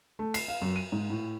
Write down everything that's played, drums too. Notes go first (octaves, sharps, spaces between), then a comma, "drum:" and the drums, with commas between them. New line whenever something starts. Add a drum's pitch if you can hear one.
A3
C7, drum: cymbal
F5
F#2
D#7
G#2
A2